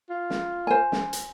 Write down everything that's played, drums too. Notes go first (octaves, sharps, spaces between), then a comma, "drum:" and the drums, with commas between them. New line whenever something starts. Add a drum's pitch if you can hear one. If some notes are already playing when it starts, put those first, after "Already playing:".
F4
drum: snare
C5 G#5
drum: snare
drum: hi-hat